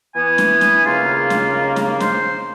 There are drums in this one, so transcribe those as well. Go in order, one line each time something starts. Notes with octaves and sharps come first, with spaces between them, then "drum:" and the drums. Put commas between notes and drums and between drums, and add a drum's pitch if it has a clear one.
E3 B3 G#5
drum: snare
drum: snare
D#2 C#3 A#3 F4
drum: snare
drum: snare
C5, drum: snare